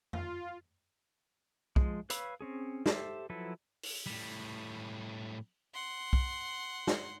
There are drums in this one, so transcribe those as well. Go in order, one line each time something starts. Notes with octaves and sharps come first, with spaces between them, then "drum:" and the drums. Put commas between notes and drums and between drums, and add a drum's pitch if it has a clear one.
F4, drum: tom F2
F3 G#3, drum: kick B1
B4 C#5 F5 B5 E6, drum: hi-hat
C4 C#4 G#4
G4 A4 C5 E5, drum: snare
F3 F#3 E4 A4 B4
drum: open hi-hat
A2 G3
F#5 C6
drum: kick B1
drum: snare